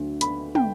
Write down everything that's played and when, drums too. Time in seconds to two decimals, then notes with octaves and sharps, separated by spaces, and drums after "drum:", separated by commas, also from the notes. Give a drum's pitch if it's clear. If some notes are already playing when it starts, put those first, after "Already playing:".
Already playing: D2 D3 F#3
0.21 B5, drum: hi-hat
0.55 G5, drum: tom